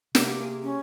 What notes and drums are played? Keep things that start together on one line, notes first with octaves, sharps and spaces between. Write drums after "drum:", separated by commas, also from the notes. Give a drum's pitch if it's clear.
C3 A#3 D6, drum: snare
A#3 G#4
C#4